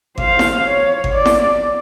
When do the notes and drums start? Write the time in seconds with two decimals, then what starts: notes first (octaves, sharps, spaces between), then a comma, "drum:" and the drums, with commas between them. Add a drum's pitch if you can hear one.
0.18 C5 F5, drum: kick G#1
0.39 drum: snare E4
0.67 C#5
1.04 drum: kick G#1
1.16 D5
1.25 drum: snare E4